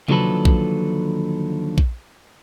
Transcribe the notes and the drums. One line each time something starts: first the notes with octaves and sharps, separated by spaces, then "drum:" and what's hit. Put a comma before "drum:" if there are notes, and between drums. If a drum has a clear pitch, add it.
D#2 D3 F3 F#3 A4 B4, drum: tom C3
drum: kick A#1
drum: kick A#1